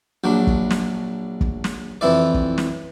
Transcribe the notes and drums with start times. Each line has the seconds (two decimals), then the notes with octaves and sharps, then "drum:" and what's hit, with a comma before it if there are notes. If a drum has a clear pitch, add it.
0.24 A#1 F#3 D4
0.47 drum: kick
0.71 drum: snare
1.41 drum: kick
1.64 drum: snare
2.01 F2 E3 E4 D5
2.34 drum: kick
2.58 drum: snare